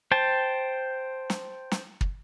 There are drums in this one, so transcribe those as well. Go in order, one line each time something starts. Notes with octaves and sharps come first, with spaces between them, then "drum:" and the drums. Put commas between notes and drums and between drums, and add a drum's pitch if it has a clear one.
C5 G5 A5
drum: snare
drum: snare
drum: kick